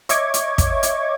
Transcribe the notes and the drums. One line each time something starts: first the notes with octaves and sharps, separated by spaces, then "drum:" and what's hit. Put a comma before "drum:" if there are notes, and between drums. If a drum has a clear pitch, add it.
C#5 D#5 E5 C#6 D6 G#6, drum: hi-hat
drum: hi-hat
drum: kick, hi-hat
drum: hi-hat